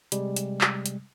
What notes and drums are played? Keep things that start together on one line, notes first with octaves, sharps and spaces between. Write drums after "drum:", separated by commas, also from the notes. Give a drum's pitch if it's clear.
C3 G3 G#3, drum: hi-hat
drum: hi-hat
drum: clap
drum: hi-hat